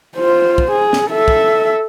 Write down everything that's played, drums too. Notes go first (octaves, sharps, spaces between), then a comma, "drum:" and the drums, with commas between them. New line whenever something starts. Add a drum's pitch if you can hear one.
F4 C5
drum: kick
G#4
drum: snare
A4 E5
drum: kick